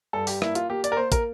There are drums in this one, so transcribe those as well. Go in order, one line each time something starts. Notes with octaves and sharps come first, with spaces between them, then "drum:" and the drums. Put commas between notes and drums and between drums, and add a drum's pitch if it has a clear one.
G2 A4
G4, drum: open hi-hat
A#3 E4, drum: rim click
F4, drum: hi-hat
A#3 G4
D5, drum: hi-hat
A#4
A#3 C5
A#4, drum: kick, hi-hat